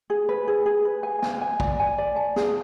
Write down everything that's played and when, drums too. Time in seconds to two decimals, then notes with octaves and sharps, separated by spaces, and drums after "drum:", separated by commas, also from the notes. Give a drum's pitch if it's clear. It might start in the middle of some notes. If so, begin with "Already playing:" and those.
0.10 G#4
0.29 B4
0.48 G#4
0.66 G#4
0.85 B4
1.03 G#5
1.22 G#5, drum: snare
1.41 G#5
1.60 D5, drum: kick
1.79 G#5
1.98 D5
2.16 A5
2.36 G#4, drum: snare